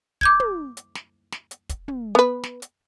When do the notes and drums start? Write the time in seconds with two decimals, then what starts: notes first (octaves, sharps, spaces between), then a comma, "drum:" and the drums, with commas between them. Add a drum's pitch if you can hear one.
0.21 D6 G6 G#6, drum: kick
0.40 drum: tom
0.77 drum: hi-hat
0.95 drum: snare
1.32 drum: snare
1.51 drum: hi-hat
1.69 drum: kick, hi-hat
1.88 drum: tom
2.15 B3 B4
2.43 drum: snare
2.62 drum: hi-hat